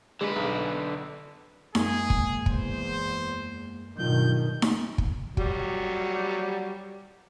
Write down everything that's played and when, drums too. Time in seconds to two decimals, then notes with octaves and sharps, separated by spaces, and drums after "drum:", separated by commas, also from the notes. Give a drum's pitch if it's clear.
0.21 D3 G#3 B4
0.36 B1
1.75 F#2 G#3 A#3 G#4, drum: snare D#4
2.10 drum: kick
2.46 E2 C5, drum: kick
3.98 G2 B2 D#3 F#3 F4 G6
4.62 drum: snare D#4
4.98 drum: kick
5.37 F#3 G3 F#4, drum: kick